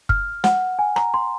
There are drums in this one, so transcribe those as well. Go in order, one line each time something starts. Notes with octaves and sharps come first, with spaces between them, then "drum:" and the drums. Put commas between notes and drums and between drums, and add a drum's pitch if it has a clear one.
F6, drum: kick
F#5, drum: snare
G#5
A#5, drum: rim click
C6